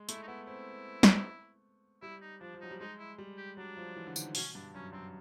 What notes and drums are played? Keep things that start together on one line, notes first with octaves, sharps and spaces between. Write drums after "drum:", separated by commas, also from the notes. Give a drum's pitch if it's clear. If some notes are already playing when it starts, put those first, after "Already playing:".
Already playing: G#3
A3 E4, drum: hi-hat
D#4
B3 E4
C4 E4
drum: snare
G3 E4
D#4
F3 D4
F3
F#3 D#4
G3
G#3 D#4
E4
G3
G4
F#3 D4
F3
E3
D3
D#3, drum: tambourine
B2 C#4, drum: open hi-hat
G2 D4
F#2 C#4
F#2 C4